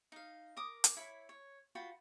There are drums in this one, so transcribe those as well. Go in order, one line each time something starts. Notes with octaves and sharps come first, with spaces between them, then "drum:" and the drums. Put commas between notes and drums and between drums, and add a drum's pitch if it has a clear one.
D#4 F5
A#4 D6 D#6
drum: hi-hat
E4 C#5 B5
C#5
F4 F#4 G5 B5